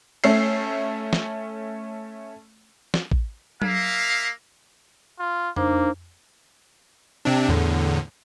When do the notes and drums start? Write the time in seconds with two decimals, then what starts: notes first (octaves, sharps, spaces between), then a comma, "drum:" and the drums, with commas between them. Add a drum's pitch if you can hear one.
0.24 A3 C#4 E6 C7, drum: cymbal
1.13 drum: snare
2.94 drum: snare
3.11 drum: kick
3.62 A#3 E5 F5, drum: tom F#3
5.19 F4
5.56 A#3 D4 D#4 C5, drum: tom F2
7.25 C3 C4 D4
7.49 E2 A2 D3